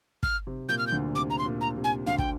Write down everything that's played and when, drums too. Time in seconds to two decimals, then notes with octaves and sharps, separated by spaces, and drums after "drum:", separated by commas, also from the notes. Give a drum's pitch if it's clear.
0.23 F6, drum: kick
0.47 C3
0.69 A#2 G6
0.78 F6
0.87 G6
0.92 D2 D3
1.15 C3 D6
1.30 A#5
1.38 C6
1.45 A#2
1.61 A#5
1.77 C3
1.84 G#5
2.06 D2 D3 F5
2.18 G5, drum: kick